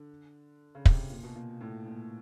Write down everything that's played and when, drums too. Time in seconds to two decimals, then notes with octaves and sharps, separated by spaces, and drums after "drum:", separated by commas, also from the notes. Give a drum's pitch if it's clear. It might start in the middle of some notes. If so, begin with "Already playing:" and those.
Already playing: D3
0.75 C#3
0.85 C3, drum: kick
1.10 A#2
1.24 B2
1.35 A#2
1.61 A2
1.86 A#2